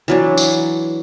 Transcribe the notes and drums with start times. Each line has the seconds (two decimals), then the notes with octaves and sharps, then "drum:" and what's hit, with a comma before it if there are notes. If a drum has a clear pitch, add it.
0.08 E3 F#3 D4
0.37 drum: tambourine